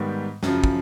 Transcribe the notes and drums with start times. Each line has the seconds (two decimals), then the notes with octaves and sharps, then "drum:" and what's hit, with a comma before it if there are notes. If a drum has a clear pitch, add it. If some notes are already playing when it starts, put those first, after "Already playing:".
Already playing: G#2 D#3 G3 B3
0.43 F#2 C#3 F3, drum: snare
0.64 drum: kick